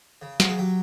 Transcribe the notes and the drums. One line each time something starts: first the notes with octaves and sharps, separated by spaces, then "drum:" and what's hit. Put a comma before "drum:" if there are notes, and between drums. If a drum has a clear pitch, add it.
C#3
F#3, drum: snare
G#4
F#3 G4